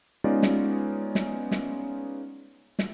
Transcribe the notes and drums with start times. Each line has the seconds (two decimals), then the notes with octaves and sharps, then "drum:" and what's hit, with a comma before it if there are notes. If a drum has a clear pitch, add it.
0.24 G#3 B3 C#4 D#4 F4 D5
0.42 drum: snare
1.15 drum: snare
1.51 drum: snare
2.79 drum: snare